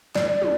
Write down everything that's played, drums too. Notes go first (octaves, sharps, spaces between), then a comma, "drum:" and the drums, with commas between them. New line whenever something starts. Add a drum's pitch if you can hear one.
D5, drum: snare
drum: tom